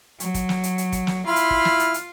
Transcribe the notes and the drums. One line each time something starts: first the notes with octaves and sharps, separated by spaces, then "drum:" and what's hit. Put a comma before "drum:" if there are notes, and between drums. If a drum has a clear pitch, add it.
F#3, drum: hi-hat
drum: kick, hi-hat
drum: snare
drum: hi-hat
drum: hi-hat
drum: kick, hi-hat
drum: snare
E4 F4 B5 C6 F6
drum: hi-hat
drum: kick
drum: snare
drum: hi-hat
drum: hi-hat